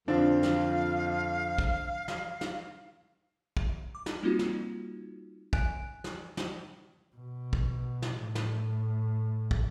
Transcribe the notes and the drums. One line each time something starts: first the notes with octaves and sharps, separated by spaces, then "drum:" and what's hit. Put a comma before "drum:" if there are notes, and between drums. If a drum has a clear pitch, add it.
F2 D3 C4 D4 F5
drum: snare
drum: kick
drum: snare
drum: snare
drum: kick
D6
drum: snare
G3 A#3 C4 D#4 F4 F#4
drum: snare
G#5 F#6 D7, drum: kick
drum: snare
drum: snare
B2
drum: kick
drum: snare
A2
drum: snare
drum: kick